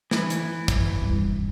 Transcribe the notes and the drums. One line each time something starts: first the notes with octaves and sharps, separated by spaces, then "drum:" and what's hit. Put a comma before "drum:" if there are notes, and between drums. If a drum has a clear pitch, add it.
E3, drum: snare
drum: hi-hat
drum: kick, hi-hat
D#1 G2